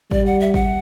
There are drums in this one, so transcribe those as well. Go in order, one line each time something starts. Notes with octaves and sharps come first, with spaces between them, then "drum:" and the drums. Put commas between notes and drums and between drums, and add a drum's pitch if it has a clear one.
G3 D5, drum: kick G#1
F#5
E5
F#5, drum: kick G#1